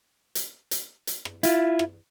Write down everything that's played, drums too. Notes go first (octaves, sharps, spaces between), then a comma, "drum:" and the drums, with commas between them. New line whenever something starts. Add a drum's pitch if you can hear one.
drum: hi-hat
drum: hi-hat
drum: hi-hat
drum: rim click
E4 F4, drum: hi-hat
drum: rim click